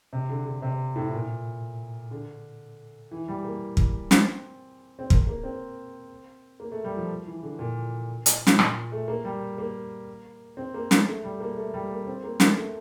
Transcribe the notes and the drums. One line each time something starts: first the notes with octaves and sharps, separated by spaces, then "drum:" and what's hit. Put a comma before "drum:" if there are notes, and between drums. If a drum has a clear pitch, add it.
C3
D3
D3
C3
A2
A#2
D3
E3
G3
A#3
drum: kick
C4, drum: snare
C4
A#3, drum: kick
A#3
C4
A#3
A3
G3
F3
E3
D3
A#2
drum: hi-hat
drum: snare
A#2, drum: rim click
A3
A#3
G3
A#3
C4
A#3
A#3, drum: snare
A3
G3
A#3
A3
G3
A#3
C4
A#3
A#3, drum: snare
A3